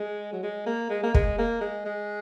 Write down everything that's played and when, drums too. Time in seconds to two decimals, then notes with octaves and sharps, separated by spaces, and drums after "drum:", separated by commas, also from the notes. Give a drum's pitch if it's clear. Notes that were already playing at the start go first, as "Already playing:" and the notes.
Already playing: G#3
0.32 F#3
0.43 G#3
0.66 A#3
0.90 G#3
1.03 A#3
1.14 G#3, drum: kick
1.38 A#3
1.61 G#3
1.85 G#3